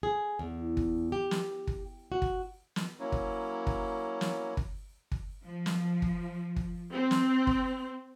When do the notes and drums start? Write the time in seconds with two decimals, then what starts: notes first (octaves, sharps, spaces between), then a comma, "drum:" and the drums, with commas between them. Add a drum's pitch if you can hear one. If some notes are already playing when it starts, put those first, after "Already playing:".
0.03 G#4
0.39 E2
0.77 drum: kick G1
1.12 G4
1.31 drum: snare
1.67 drum: kick G1
2.12 F#4
2.22 drum: kick G1
2.76 drum: snare
3.00 F#3 A#3 C#4 E4
3.12 drum: kick G1
3.67 drum: kick G1
4.21 drum: snare
4.57 drum: kick G1
5.12 drum: kick G1
5.44 F3
5.66 drum: snare
6.02 drum: kick G1
6.56 drum: kick G1
6.93 C4
7.11 drum: snare
7.47 drum: kick G1